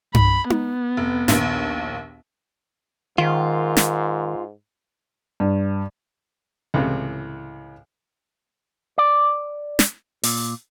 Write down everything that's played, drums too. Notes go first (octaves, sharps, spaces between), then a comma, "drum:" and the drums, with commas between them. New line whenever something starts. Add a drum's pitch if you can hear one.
B5, drum: tom G2
B3, drum: tom D#4
F1
A#1 D#2, drum: snare
G#2 D#3 F4
drum: snare
G2
C#2 A2 C3 E3
D5
drum: snare
A#2, drum: open hi-hat